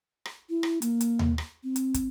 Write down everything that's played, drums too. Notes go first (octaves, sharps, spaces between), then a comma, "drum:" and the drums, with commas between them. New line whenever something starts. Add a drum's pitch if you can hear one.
drum: rim click
E4
drum: rim click
A#3, drum: hi-hat
drum: hi-hat
drum: tom D#2
drum: rim click
C4
drum: hi-hat
drum: kick, hi-hat